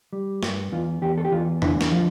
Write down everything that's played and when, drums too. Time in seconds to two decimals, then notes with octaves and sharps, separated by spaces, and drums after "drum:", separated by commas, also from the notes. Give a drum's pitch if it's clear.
0.13 G3
0.43 G2, drum: snare
0.72 E2 F4
1.02 E2 G4
1.18 A4
1.25 G4
1.32 E2 F4
1.62 D3 E4, drum: tom E2
1.81 drum: snare
1.91 F3 F4